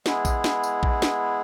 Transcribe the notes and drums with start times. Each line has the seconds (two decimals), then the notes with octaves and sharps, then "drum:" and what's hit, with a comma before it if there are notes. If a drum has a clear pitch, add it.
0.06 G#3 B3 E4 G#4, drum: snare
0.25 drum: kick A#1, tambourine
0.44 drum: snare
0.63 drum: tambourine
0.83 drum: kick A#1
1.02 drum: snare